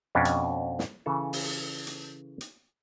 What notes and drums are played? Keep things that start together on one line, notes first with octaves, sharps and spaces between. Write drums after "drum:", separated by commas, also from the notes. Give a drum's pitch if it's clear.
F2 B2 C#4 D4
drum: hi-hat
drum: snare
C#3 E3 A4
drum: open hi-hat
drum: hi-hat
drum: hi-hat